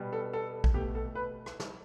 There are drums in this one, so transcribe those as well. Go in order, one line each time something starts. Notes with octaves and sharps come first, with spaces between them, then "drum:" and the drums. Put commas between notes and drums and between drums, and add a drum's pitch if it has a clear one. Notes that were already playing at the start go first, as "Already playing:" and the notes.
Already playing: B2 G3 B3
A4
A4
drum: kick A#1
B2 A3 G4
A4
B4
drum: rim click
drum: snare